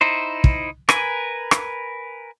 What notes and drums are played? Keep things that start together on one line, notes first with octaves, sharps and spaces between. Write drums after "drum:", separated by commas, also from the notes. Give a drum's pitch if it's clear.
D#4 E4 C5
drum: kick
A#4 B4 G#5, drum: rim click
drum: rim click